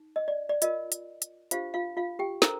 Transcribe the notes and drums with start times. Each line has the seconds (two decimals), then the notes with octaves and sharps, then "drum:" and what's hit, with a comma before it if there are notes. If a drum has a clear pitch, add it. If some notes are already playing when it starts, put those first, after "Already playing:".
Already playing: D#4
0.16 D#5
0.28 D5
0.49 D5
0.62 F4 A#4 D#5, drum: hi-hat
0.92 drum: hi-hat
1.22 drum: hi-hat
1.51 D4 F4 G4 C5 F5, drum: hi-hat
1.74 F4 F5
1.97 F4 F5
2.19 G4 G5
2.42 D4 A4 A#4 C5 A#5, drum: snare